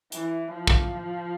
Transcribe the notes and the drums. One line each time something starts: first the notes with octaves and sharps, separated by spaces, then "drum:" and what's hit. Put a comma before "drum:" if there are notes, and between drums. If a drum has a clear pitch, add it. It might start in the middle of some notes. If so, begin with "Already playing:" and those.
E3, drum: hi-hat
F3
drum: kick